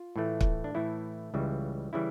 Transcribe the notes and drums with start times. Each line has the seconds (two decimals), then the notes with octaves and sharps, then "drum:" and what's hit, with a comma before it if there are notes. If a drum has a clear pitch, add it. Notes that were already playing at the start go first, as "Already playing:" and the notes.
Already playing: F4
0.16 A2 E3 A3
0.41 drum: kick
0.64 D4
0.75 A2 E3 A3 E4
1.34 C#2 C#3 E3 G3
1.93 C#3 E3 G3 E4